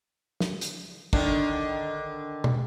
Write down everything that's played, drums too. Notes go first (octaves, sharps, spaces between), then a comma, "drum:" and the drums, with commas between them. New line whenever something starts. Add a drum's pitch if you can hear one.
drum: snare
drum: hi-hat
D3 D#3 D4, drum: kick
drum: tom